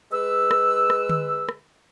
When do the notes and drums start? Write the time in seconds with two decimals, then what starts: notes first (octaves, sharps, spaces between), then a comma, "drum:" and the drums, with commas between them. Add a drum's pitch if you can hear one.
0.12 G#3 B4 E6
0.51 drum: rim click
0.90 drum: rim click
1.09 drum: tom D3
1.49 drum: rim click